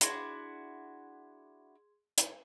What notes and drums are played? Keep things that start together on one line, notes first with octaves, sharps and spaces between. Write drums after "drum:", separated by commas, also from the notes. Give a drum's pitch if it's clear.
D4 E4 F#4 G#4 C6 G#6, drum: hi-hat
drum: hi-hat